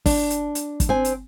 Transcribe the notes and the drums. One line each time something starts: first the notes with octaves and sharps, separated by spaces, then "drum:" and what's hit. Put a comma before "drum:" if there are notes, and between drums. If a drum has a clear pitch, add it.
D4, drum: kick, open hi-hat
drum: hi-hat
drum: hi-hat
drum: kick, hi-hat
C4 G#5
drum: hi-hat